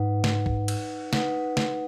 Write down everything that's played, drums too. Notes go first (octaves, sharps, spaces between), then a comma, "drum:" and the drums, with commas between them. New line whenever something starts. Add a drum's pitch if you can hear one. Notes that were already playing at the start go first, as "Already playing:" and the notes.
Already playing: G#2 D#4 B4 F#5
drum: snare
drum: kick
drum: cymbal
D#4 B4 F#5, drum: snare
drum: snare